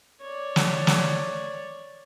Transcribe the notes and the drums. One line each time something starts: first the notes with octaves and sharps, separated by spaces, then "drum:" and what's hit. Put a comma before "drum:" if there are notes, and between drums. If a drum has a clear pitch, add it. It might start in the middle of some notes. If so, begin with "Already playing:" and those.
C#5 D5
drum: snare
drum: snare